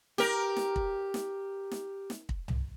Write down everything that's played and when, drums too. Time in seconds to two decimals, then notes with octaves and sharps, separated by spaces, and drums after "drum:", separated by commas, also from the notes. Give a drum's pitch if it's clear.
0.18 G4 A#4, drum: snare
0.57 drum: snare
0.76 drum: kick
1.14 drum: snare
1.71 drum: snare
2.10 drum: snare
2.29 drum: kick
2.48 drum: tom C2